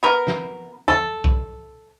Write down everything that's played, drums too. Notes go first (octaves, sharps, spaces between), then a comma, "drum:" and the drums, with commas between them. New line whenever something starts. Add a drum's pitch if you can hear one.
B3 A#4
drum: snare
A4, drum: tom E2
drum: kick B1